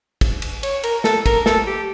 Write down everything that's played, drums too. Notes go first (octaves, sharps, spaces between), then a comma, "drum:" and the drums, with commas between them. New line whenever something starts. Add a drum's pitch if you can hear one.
drum: kick, cymbal
drum: cymbal
C#5, drum: cymbal
A#4, drum: cymbal
A4, drum: snare
A#4, drum: kick, cymbal
A4, drum: snare
G4